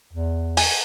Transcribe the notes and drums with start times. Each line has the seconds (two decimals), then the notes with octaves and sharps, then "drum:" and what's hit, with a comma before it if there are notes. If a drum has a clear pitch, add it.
0.13 E2
0.57 G#5, drum: open hi-hat